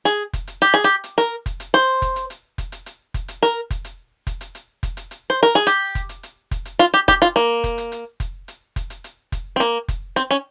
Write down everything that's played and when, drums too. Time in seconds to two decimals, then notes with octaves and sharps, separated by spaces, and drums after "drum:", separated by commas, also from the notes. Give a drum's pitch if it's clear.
0.05 G#4, drum: hi-hat
0.33 drum: kick F1, hi-hat
0.47 drum: hi-hat
0.62 G4, drum: hi-hat
0.74 G#4
0.84 G4
1.04 drum: hi-hat
1.18 A#4, drum: hi-hat
1.46 drum: kick F1, hi-hat
1.60 drum: hi-hat
1.74 C5
2.02 drum: kick F1, hi-hat
2.16 drum: hi-hat
2.30 drum: hi-hat
2.58 drum: kick F1, hi-hat
2.72 drum: hi-hat
2.86 drum: hi-hat
3.14 drum: kick F1, hi-hat
3.28 drum: hi-hat
3.43 A#4, drum: hi-hat
3.70 drum: kick F1, hi-hat
3.85 drum: hi-hat
4.27 drum: kick F1, hi-hat
4.41 drum: hi-hat
4.55 drum: hi-hat
4.83 drum: kick F1, hi-hat
4.97 drum: hi-hat
5.11 drum: hi-hat
5.30 C5
5.43 A#4
5.55 G#4, drum: hi-hat
5.67 G4, drum: hi-hat
5.95 drum: kick F1, hi-hat
6.09 drum: hi-hat
6.23 drum: hi-hat
6.51 drum: kick F1, hi-hat
6.65 drum: hi-hat
6.79 F4, drum: hi-hat
6.94 G4
7.08 G4, drum: kick F1, hi-hat
7.22 F4, drum: hi-hat
7.36 A#3, drum: hi-hat
7.64 drum: kick F1, hi-hat
7.78 drum: hi-hat
7.92 drum: hi-hat
8.20 drum: kick F1, hi-hat
8.48 drum: hi-hat
8.76 drum: kick F1, hi-hat
8.90 drum: hi-hat
9.04 drum: hi-hat
9.32 drum: kick F1, hi-hat
9.56 C4
9.60 A#3, drum: hi-hat
9.88 drum: kick F1, hi-hat
10.16 C4, drum: hi-hat
10.31 C#4